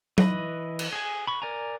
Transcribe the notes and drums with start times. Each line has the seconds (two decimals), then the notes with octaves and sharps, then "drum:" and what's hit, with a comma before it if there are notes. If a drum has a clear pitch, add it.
0.18 E3 B4 D#5 B5, drum: tom F#3
0.79 drum: cymbal
0.93 G#4 G#5
1.27 B5 C#6
1.42 A#4 D5 G#5 A#5